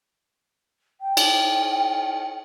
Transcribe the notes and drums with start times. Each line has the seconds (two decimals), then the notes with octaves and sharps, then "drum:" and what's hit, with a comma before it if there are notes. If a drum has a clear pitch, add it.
1.01 G5
1.17 drum: cymbal